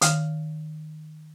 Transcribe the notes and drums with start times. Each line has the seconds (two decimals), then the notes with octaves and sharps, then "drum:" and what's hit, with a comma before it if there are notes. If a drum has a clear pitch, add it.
0.02 D#3 F5 F6, drum: hi-hat